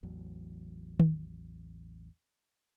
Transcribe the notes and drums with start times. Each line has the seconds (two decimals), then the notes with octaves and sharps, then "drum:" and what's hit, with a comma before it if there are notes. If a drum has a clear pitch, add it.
0.03 A1 E2 F#3
0.99 drum: tom D#3